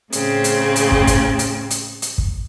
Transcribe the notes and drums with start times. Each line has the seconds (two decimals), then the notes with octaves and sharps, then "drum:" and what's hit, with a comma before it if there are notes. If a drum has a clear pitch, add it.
0.13 A2 C#3 C4, drum: hi-hat
0.44 drum: hi-hat
0.76 drum: hi-hat
0.92 drum: kick
1.07 drum: kick, hi-hat
1.39 drum: hi-hat
1.71 drum: hi-hat
2.02 drum: hi-hat
2.18 drum: kick